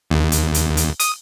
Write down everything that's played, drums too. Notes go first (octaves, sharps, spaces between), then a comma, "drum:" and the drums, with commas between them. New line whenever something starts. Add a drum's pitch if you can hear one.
D#2
drum: hi-hat
drum: hi-hat
drum: hi-hat
D#6, drum: hi-hat